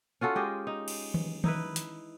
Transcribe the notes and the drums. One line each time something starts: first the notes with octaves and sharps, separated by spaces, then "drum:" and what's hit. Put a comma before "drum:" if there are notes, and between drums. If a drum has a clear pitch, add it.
C#4 F4 F#4 A4
G#3 G4 D#5
D#4
drum: cymbal
drum: tom D#3
D#4 E4 B4, drum: tom D#3
drum: hi-hat